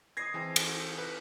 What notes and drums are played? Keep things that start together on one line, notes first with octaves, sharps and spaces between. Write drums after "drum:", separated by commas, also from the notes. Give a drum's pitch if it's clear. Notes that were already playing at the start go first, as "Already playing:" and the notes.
B4 D#5 D#6 G#6 A#6 C7
E3 C4 G#4 A5
drum: cymbal
F5
B4